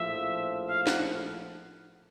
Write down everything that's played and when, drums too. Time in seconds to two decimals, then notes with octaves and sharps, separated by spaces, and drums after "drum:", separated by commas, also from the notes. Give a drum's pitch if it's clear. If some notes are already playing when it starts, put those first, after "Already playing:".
Already playing: A#1 A2 F3 E5
0.67 F5
0.87 F#5, drum: snare